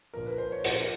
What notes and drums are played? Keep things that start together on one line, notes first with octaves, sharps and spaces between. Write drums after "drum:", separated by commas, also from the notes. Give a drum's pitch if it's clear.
A#1 A#2 F3 A#4
B4
C5
C#5
A#1 A#2 F3 C5, drum: hi-hat
A#4